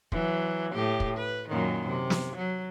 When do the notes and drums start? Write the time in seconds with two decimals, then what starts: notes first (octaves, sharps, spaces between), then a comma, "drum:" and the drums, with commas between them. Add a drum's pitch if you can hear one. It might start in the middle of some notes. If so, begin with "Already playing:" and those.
0.12 E3 F#3, drum: kick
0.72 A2 G4
1.00 drum: kick
1.17 B4
1.49 F#2 A#2 D#3
1.87 C3
2.10 drum: snare
2.36 F#3